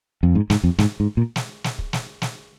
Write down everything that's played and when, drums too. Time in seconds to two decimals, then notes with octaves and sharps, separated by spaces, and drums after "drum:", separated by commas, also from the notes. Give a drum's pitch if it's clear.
0.23 F2
0.35 G#2
0.50 G#2, drum: snare
0.64 F2
0.79 G#2, drum: snare
1.00 G#2
1.17 A#2
1.36 drum: snare
1.64 drum: snare
1.79 drum: kick
1.93 drum: snare
2.22 drum: snare